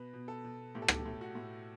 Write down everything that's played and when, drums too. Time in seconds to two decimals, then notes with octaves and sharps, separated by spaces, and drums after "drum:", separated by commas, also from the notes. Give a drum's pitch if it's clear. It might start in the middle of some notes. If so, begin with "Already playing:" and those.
Already playing: B2 B4
0.14 B2
0.28 A4
0.44 B2
0.75 A2 G4
0.82 A4
0.88 G4, drum: rim click
1.06 A2
1.21 F#4
1.35 A2